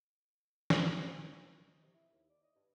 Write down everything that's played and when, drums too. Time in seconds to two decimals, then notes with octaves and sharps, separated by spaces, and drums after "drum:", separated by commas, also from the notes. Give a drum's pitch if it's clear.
0.70 drum: snare
1.35 B3
1.48 D#3
1.68 D#5
1.82 C3
1.95 E4
2.12 D#2
2.30 D5
2.43 D#5
2.56 G2